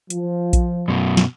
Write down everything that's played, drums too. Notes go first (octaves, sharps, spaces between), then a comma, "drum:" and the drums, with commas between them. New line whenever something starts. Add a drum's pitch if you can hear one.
F3, drum: hi-hat
drum: kick A#1, hi-hat
F#2 B2
drum: snare